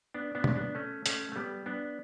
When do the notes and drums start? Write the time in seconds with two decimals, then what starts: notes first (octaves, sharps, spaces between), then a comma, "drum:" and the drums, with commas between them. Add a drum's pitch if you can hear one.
0.14 B3 D4
0.35 B3 D4
0.44 drum: tom
0.55 B3 D4
0.75 A3 C#4
1.06 A3 C#4, drum: hi-hat
1.32 A3
1.36 G3 B3
1.66 B3 D4